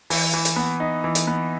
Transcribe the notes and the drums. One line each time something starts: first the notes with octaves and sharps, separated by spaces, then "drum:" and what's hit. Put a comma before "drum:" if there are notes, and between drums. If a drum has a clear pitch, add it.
E3, drum: open hi-hat
E3
drum: hi-hat
B3
D#4
E3
drum: hi-hat
B3